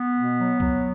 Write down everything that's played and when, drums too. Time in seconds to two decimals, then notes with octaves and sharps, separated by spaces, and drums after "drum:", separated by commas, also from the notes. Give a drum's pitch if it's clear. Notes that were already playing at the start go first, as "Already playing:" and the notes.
Already playing: B3
0.16 B2
0.38 F#3
0.60 F#3, drum: kick C2